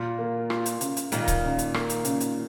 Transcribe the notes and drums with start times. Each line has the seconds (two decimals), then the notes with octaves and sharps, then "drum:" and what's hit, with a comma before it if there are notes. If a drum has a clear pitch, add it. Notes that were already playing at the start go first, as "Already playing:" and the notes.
Already playing: A#2 F4
0.19 A#3
0.50 F4, drum: rim click
0.66 drum: hi-hat
0.81 C#3, drum: hi-hat
0.97 drum: hi-hat
1.12 A#2 D#3 D#4, drum: hi-hat
1.28 drum: kick C#1, hi-hat
1.44 C#3
1.59 drum: hi-hat
1.74 A#3, drum: rim click
1.90 drum: hi-hat
2.05 C#3, drum: hi-hat
2.21 drum: hi-hat